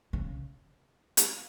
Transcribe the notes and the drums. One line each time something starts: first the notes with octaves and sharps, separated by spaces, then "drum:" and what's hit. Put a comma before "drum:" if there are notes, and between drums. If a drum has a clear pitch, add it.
C#3
drum: hi-hat